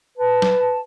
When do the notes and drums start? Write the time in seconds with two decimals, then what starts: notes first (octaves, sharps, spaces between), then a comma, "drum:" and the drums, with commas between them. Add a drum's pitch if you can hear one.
0.18 B4 A5
0.42 drum: snare